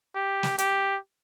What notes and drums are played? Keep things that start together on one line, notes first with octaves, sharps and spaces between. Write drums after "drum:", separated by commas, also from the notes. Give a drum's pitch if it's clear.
G4
drum: snare
G4, drum: hi-hat